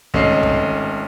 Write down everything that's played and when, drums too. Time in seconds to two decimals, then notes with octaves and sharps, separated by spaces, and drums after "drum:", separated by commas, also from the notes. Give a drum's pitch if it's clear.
0.14 G#1 A3 C#4 D#5 C7, drum: kick
0.43 drum: kick